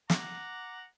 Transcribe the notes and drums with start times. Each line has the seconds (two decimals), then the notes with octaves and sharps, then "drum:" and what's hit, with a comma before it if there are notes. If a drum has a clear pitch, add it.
0.10 F#5 A#5 D6, drum: snare